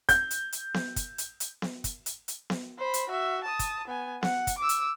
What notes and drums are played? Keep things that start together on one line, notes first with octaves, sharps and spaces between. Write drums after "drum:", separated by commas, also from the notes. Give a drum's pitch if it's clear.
G6, drum: kick, hi-hat
drum: hi-hat
drum: hi-hat
drum: snare B3
drum: kick, hi-hat
drum: hi-hat
drum: hi-hat
drum: snare B3
drum: kick, hi-hat
drum: hi-hat
drum: hi-hat
drum: snare B3
C5 B5
drum: hi-hat
F#4 E5
A5 D#6
drum: kick, hi-hat
B3 G#5
F#5, drum: snare B3
drum: kick, hi-hat
D6 E6
drum: hi-hat